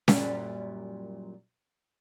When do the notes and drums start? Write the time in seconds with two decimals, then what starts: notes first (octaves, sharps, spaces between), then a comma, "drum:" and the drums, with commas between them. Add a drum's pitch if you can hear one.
0.08 F#2 A#2 G3, drum: snare C#4